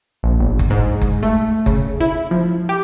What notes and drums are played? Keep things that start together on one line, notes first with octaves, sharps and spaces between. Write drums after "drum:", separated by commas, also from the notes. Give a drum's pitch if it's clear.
A#1
G1
drum: kick F#1
G#2
drum: kick F#1
A3
C#3, drum: kick F#1
E4
F3
G4